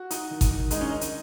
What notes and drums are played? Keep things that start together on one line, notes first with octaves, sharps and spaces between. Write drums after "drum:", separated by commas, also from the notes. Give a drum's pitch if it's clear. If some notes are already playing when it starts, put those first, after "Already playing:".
Already playing: F#4
D#4, drum: hi-hat
D#3
drum: kick G#1, hi-hat
D#3
G#3 D#4, drum: hi-hat
C#4
D#3 D#4
drum: hi-hat